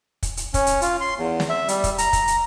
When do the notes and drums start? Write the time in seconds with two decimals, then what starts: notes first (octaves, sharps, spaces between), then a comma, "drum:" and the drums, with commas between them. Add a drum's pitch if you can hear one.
0.23 drum: kick, hi-hat
0.37 drum: hi-hat
0.54 C#4, drum: kick, hi-hat
0.67 drum: hi-hat
0.82 F4, drum: hi-hat
1.01 C6
1.18 E2
1.40 drum: snare
1.49 E5
1.68 G3, drum: hi-hat
1.84 drum: kick, hi-hat
1.98 A#5, drum: hi-hat
2.13 drum: kick, hi-hat
2.28 drum: hi-hat